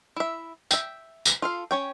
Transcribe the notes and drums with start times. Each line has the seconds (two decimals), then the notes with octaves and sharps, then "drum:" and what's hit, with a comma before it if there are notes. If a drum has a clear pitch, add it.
0.16 E4 E5
0.71 E5 G5, drum: tambourine
1.25 drum: tambourine
1.42 F4 A4 F5
1.71 C#4 C#5 G5